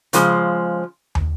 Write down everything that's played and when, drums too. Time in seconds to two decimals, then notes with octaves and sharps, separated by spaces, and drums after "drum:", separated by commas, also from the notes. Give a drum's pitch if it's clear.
0.13 C#3 F3 G#3, drum: hi-hat
1.15 drum: tom